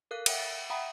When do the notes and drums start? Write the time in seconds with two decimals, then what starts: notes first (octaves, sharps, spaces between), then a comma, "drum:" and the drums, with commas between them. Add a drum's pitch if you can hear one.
0.11 A4 A#4 F5 F#6
0.26 E5 F#5 G5 D#6, drum: cymbal
0.39 A6
0.70 E5 F#5 G5 A#5 B5 D#6